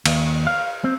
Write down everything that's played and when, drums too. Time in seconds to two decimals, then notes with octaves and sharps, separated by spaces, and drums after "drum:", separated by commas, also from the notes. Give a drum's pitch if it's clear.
0.06 D#2, drum: cymbal
0.47 F5
0.84 C4